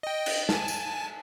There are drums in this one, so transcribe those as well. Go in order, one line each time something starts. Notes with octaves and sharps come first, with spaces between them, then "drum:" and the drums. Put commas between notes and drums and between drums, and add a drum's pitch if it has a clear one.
D#5 G5
drum: cymbal
G#5 A5, drum: snare
drum: tambourine